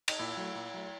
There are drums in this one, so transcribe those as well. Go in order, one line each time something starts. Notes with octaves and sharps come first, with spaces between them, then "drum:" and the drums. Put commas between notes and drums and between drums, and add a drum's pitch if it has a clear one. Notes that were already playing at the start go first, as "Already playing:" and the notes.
D#4, drum: cymbal
A#2 E4
F#3 A3
A#2
F#3 A3